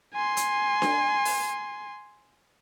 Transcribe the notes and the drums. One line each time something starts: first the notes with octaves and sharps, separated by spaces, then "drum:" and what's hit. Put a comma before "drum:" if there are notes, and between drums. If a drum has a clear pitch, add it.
G#5 C6
drum: hi-hat
drum: snare D4
drum: open hi-hat